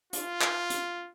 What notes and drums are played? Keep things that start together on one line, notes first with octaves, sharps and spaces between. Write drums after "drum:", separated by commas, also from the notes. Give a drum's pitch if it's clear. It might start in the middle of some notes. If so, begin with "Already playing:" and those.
F4, drum: hi-hat
drum: clap
drum: hi-hat